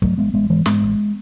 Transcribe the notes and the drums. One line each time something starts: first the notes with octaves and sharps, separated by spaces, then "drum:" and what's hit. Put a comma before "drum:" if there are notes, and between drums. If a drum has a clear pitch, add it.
G#2 F#3 A3, drum: kick
A1 G#3 B3
A1 G#3 B3
G#2 E3 G#3
G#2 G#3 B3, drum: snare
A1